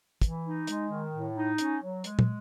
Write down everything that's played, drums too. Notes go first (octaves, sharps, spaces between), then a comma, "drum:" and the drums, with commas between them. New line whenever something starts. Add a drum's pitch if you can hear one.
E3, drum: kick, hi-hat
D#4
G#3, drum: hi-hat
D#3
A2
D#4
C#4, drum: hi-hat
F#3
G#3, drum: hi-hat
drum: tom